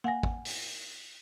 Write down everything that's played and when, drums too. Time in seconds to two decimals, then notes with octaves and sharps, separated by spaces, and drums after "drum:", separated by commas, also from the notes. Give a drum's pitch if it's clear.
0.04 A#3 F#5 G#5 A#6
0.23 drum: kick
0.45 drum: open hi-hat